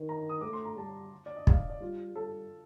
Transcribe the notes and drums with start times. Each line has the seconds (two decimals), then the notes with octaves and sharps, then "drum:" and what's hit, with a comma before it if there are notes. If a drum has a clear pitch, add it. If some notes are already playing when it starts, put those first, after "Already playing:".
Already playing: D#3
0.09 A#5
0.29 D#6
0.41 A3 D6
0.53 C6
0.65 A#5
0.77 G3 A5
1.26 D5
1.36 D#5
1.47 F5, drum: kick
1.70 D5
1.81 G3 F4
2.15 G3 A4